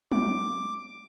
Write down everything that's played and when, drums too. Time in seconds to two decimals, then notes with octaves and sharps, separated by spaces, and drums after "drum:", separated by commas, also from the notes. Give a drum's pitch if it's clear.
0.12 D6, drum: tom